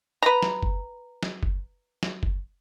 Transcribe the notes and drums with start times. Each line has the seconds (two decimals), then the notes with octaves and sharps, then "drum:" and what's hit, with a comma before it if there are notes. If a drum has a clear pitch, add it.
0.22 B4 A#5
0.43 drum: snare
0.63 drum: kick F#1
1.23 drum: snare
1.43 drum: kick F#1
2.03 drum: snare
2.23 drum: kick F#1